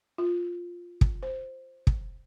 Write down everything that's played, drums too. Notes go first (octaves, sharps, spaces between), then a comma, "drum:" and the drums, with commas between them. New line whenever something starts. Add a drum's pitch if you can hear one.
F4
drum: kick
C5
drum: kick